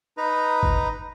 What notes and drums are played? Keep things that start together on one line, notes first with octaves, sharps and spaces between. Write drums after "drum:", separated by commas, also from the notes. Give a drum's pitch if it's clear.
D#4 B4 A#5
drum: kick